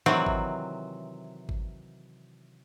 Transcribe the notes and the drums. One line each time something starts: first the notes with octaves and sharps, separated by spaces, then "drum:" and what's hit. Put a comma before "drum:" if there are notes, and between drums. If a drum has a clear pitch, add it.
C3 D#3 E3 F#3 C4
drum: kick G#1
drum: kick G#1